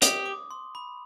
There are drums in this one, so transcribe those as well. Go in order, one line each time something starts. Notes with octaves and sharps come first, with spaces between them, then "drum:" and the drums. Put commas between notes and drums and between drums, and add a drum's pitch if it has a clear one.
G4 D#6, drum: hi-hat
D6
C6
B5